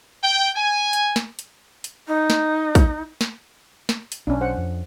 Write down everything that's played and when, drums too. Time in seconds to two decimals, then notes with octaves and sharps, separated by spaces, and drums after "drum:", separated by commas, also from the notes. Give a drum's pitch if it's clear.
0.22 G5
0.55 G#5
0.93 drum: hi-hat
1.16 drum: snare
1.39 drum: hi-hat
1.84 drum: hi-hat
2.07 D#4
2.30 drum: snare
2.75 drum: kick A#1, hi-hat
3.21 drum: snare
3.89 drum: snare
4.12 drum: hi-hat
4.27 B1 C#4 D4
4.41 C5 F#5
4.57 F2